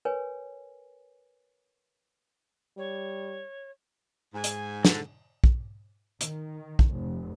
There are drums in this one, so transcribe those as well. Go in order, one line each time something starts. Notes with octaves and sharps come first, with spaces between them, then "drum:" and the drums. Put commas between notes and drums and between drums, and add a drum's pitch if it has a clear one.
A#4 B4 C#5 G#5
G3 C#5
G#2 G#5
drum: hi-hat
D3, drum: snare
drum: kick
D#3, drum: hi-hat
drum: kick
F1